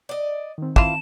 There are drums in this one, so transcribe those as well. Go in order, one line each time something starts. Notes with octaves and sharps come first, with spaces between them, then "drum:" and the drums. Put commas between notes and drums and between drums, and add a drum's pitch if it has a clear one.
D5 D#5
D#3 C4
E3 F4 A5 E7, drum: kick